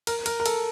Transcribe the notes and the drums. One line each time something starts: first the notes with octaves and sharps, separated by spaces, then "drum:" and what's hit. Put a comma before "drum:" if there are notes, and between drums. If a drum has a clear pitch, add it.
A#4, drum: cymbal
A#4, drum: cymbal
A#4
A4, drum: cymbal